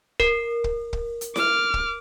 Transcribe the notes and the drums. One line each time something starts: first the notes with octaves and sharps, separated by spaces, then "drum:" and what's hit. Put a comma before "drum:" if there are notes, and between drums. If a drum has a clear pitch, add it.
A#4, drum: kick
drum: kick
drum: kick
drum: hi-hat
D6 F6, drum: snare E4
drum: kick